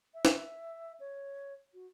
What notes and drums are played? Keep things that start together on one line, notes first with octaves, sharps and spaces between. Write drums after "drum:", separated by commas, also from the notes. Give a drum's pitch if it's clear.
E5
drum: snare
C#5
F#4